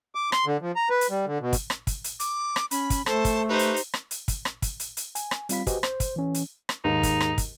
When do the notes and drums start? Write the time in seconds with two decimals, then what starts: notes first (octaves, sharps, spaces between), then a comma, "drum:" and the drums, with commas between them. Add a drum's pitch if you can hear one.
0.15 D6
0.32 C6, drum: rim click
0.46 D3
0.61 F3
0.76 A#5
0.90 B4
1.01 drum: hi-hat
1.10 G3
1.26 D3
1.41 B2
1.53 drum: kick, hi-hat
1.70 drum: rim click
1.87 drum: kick, hi-hat
2.04 drum: hi-hat
2.20 D6, drum: hi-hat
2.56 drum: rim click
2.71 C#4 B5, drum: hi-hat
2.90 drum: kick, hi-hat
3.06 A3 A4 C5 A5, drum: rim click
3.25 drum: kick, hi-hat
3.49 D#4 G4 B4 C5
3.59 drum: hi-hat
3.76 drum: hi-hat
3.94 drum: rim click
4.11 drum: hi-hat
4.28 drum: kick, hi-hat
4.45 drum: rim click
4.62 drum: kick, hi-hat
4.80 drum: hi-hat
4.97 drum: hi-hat
5.15 G#5, drum: hi-hat
5.31 drum: rim click
5.49 G3 C4 F4 F5 B5 B6, drum: hi-hat
5.67 F#4 G4 B4 C5 D#5 G#5, drum: kick, hi-hat
5.83 C5, drum: rim click
6.00 drum: kick, hi-hat
6.16 E3 C#4
6.34 drum: hi-hat
6.69 drum: rim click
6.84 D#2 G#2 D#4
7.03 drum: kick, hi-hat
7.20 drum: rim click
7.38 drum: kick, hi-hat